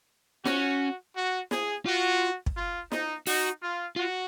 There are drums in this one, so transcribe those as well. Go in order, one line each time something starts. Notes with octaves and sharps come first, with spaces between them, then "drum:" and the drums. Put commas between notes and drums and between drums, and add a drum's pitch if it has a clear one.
C#4 F#4, drum: snare
F#4
G#4, drum: snare
F4 F#4
drum: kick
F4
D#4, drum: snare
D#4 F#4, drum: open hi-hat
F4
F4 F#4